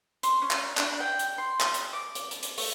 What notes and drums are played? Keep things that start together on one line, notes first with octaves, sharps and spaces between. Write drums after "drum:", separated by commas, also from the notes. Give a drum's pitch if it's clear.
C6, drum: hi-hat
C#4
drum: clap
D4, drum: clap
G5
drum: hi-hat
C6
drum: clap
drum: hi-hat
D6
drum: hi-hat
A5, drum: hi-hat
drum: hi-hat
A3, drum: open hi-hat